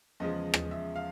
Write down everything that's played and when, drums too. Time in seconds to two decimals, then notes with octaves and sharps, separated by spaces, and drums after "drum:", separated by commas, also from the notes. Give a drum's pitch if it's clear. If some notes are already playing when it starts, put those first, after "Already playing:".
0.20 E2 C#3 F3 G#3 D#5
0.54 drum: rim click
0.71 E5
0.96 F5